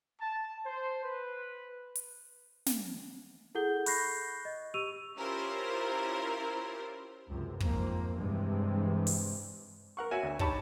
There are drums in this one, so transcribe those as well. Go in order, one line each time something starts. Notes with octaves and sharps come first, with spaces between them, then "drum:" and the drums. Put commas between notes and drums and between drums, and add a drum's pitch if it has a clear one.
A5
C5
B4
drum: hi-hat
drum: snare
E4 G#4 A4 F#5 G6 G7
B5 C#6 F#6 G6 A#6 C7, drum: open hi-hat
D#5
G4 C#6 E6 D#7 F7
C#4 E4 F4 G4 A#4 C5
C#2 F#2 C3
F2 G#2 A#3, drum: kick
G2 C3 E3 G#3
drum: open hi-hat
A#4 F#5 C#6
F#4 C#5 E5 G#5 E6
D2
D#4 G4 C#5 A5 B5 C#6, drum: kick